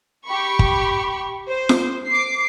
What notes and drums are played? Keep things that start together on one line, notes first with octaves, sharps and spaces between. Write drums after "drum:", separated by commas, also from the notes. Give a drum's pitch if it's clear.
G4 B5 C#6
drum: kick
C5
drum: snare F4
D6 C7